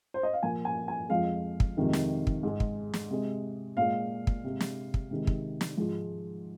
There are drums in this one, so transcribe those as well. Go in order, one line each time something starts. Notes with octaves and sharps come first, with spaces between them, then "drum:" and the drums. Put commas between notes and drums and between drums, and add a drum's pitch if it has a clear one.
C5
D#5
F5
A#2 F3 A#3 G#5
G#5
G#5
F2 F3 G#3 F5
drum: kick
F2 C3 D#3 G#3
drum: snare
drum: kick
G#2 G#3
drum: kick
drum: snare
C3 G#3
A#2 G#3 F5
drum: kick
C3 G#3
drum: snare
drum: kick
C3 D#3 G#3
drum: kick
drum: snare
G#2 F3 G#3